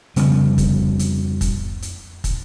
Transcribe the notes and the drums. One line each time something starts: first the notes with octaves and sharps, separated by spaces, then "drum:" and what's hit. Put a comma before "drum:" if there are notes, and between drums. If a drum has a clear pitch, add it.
F2 C#3 G3 B3, drum: hi-hat
drum: kick, hi-hat
drum: hi-hat
drum: kick, hi-hat
drum: hi-hat
drum: kick, hi-hat